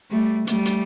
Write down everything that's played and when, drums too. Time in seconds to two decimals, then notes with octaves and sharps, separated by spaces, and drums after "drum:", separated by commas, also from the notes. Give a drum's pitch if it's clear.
0.10 G3 A3
0.47 G3 A3, drum: hi-hat
0.65 drum: hi-hat